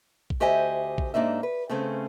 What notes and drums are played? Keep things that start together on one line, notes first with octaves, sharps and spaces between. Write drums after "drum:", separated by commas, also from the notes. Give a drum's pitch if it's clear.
drum: kick A#1
D2 G4 C5 D#5 E5 G#5
drum: kick A#1
G#2 A#3 D4 D#4 E5
B4
C#3 A3 C4 C#4